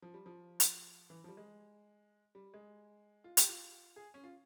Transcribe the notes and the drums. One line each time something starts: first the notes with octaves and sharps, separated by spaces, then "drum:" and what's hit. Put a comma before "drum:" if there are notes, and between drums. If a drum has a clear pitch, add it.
F3
G3
F3
drum: hi-hat
E3
F3
G3
G#3
G3
G#3
F4
G4, drum: hi-hat
F4
G#4
C#4
F4